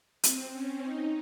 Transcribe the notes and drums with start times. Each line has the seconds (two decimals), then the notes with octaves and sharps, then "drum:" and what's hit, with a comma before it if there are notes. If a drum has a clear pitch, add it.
0.23 C4, drum: hi-hat
0.53 C#4
0.82 D#4